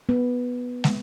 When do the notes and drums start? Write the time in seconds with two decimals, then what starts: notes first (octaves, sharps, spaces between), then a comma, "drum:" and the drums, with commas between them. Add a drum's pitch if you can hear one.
0.09 B3
0.84 drum: snare